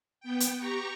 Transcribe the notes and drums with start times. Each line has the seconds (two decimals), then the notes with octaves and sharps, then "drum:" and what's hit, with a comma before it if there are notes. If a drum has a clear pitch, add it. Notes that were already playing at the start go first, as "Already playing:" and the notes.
0.20 B3 G5
0.40 drum: hi-hat
0.58 G4 A#5 C#6